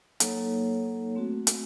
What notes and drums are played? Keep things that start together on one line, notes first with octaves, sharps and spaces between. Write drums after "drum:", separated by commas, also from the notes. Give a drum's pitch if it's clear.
F#3 A#3 D#4 A4 C#5, drum: hi-hat
A3 C4 F#4
drum: hi-hat